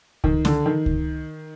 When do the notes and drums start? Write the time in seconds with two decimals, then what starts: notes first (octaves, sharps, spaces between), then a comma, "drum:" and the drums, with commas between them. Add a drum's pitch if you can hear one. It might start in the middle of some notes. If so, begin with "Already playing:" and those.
0.24 D#3, drum: kick C#2
0.45 D3, drum: snare
0.66 D#3
0.86 drum: kick C#2